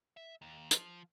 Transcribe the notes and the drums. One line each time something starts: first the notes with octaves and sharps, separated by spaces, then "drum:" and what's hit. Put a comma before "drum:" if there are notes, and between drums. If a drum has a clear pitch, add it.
E5
D#2
F3, drum: hi-hat